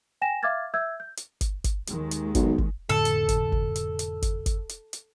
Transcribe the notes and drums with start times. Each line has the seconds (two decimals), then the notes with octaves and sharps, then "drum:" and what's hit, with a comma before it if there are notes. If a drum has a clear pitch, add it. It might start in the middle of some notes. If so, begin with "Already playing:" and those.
0.22 G5 G#5 A#6 E7
0.43 E5 F5 D6 F6 G#6 A6
0.74 E5 E6 G6 G#6
1.00 G6
1.17 drum: hi-hat
1.41 drum: kick G1, hi-hat
1.64 drum: kick G1, hi-hat
1.87 D#2 D#3 G#3, drum: hi-hat
2.11 drum: hi-hat
2.35 B1, drum: kick G1, hi-hat
2.58 drum: kick G1
2.89 F1 A2 D3 A4
3.05 drum: hi-hat
3.29 drum: kick G1, hi-hat
3.52 drum: kick G1
3.76 drum: hi-hat
3.99 drum: hi-hat
4.22 drum: kick G1, hi-hat
4.46 drum: kick G1, hi-hat
4.69 drum: hi-hat
4.93 drum: hi-hat